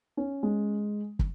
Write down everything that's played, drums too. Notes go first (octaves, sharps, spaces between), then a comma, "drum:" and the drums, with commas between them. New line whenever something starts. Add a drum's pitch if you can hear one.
C#4
G#3
drum: kick